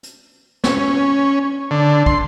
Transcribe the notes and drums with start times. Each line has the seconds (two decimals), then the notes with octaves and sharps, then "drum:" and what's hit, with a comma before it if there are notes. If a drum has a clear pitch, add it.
0.03 drum: hi-hat
0.64 C#4, drum: snare
1.71 D3
2.06 C6, drum: kick